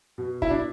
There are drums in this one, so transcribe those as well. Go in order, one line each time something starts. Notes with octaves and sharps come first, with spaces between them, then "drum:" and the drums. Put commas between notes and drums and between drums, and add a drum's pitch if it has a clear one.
B2
E4, drum: kick
B2 D4